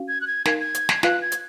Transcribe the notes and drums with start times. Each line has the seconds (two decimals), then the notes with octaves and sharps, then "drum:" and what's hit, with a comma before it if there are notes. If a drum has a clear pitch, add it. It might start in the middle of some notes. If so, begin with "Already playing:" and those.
Already playing: C#4 F#4 F5
0.08 G#6
0.21 F#6
0.27 G#6
0.45 D#4 A#4 F5 G#5 G#6, drum: snare
0.61 G#6
0.74 drum: hi-hat
0.89 drum: snare
1.03 F4 B4 F5 G#5 F#6, drum: snare
1.22 G#6
1.32 drum: hi-hat